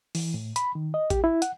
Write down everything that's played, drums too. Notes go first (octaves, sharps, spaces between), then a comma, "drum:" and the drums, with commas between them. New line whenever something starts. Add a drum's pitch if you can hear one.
E3, drum: open hi-hat
A2
B5, drum: hi-hat
D#3
D#5
G4, drum: kick A1, hi-hat
E4
F#5, drum: hi-hat